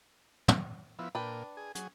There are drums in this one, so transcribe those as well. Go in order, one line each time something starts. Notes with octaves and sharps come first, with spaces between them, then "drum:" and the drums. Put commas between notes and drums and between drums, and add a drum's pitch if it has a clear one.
drum: tom
F3 B3 E4
A#2 D4 B4 G5
G#4
F#3 G#4, drum: hi-hat